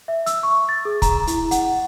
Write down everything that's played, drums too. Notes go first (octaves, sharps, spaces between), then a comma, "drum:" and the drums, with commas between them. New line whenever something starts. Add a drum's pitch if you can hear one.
E5
E6, drum: hi-hat
C#6
A6
G#4
A#5, drum: kick, hi-hat
E4, drum: hi-hat
F#5, drum: hi-hat